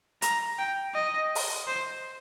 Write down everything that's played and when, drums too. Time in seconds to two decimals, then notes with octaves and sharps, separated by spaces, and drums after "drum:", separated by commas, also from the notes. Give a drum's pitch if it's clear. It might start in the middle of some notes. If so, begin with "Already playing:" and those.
0.22 A#5, drum: hi-hat
0.59 G5
0.95 D#5
1.35 drum: open hi-hat
1.67 C5